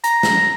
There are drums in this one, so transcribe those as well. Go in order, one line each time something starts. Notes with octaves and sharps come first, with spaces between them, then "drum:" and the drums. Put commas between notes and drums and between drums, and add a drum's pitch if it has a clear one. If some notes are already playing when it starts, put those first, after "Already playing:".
A#5, drum: hi-hat
drum: snare